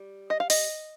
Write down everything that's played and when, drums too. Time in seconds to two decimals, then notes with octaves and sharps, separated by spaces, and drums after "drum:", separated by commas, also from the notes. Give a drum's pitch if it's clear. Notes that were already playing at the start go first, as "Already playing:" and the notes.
Already playing: G3
0.30 D#5
0.40 F5
0.50 D#5, drum: open hi-hat